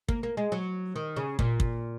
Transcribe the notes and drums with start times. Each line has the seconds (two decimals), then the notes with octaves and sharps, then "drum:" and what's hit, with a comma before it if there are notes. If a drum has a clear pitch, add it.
0.09 A#3, drum: kick
0.23 A#3
0.37 G#3
0.52 F#3
0.96 D#3
1.16 C#3
1.39 A#2, drum: kick
1.60 drum: kick